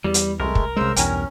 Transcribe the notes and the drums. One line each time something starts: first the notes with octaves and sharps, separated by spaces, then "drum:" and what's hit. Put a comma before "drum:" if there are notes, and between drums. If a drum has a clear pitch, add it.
E2 G3
drum: hi-hat
C2 G#3 A3 A#4
drum: kick
C2 C#3 G#3 C5 E6
B1 E2 G2 C#4 G5 G#5 A#5, drum: hi-hat